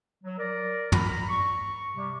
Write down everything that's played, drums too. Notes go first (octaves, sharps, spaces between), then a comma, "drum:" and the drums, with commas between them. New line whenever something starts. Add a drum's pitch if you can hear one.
F#3
A#4 D5
A#5 B5, drum: tom
C#6
C3 G3 G4